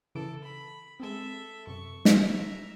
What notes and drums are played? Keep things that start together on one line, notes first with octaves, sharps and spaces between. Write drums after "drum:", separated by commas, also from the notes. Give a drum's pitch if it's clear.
C#3 E3 A4 D7
B5
G#3 C4 A4 E5
F#2 C3 C#6
drum: snare
E5 A#5